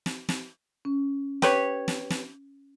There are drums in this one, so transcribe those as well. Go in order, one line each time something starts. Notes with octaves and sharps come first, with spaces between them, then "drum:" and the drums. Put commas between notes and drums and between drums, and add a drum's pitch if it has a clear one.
drum: snare
drum: snare
C#4
G4 B4 C#5, drum: snare
drum: snare
drum: snare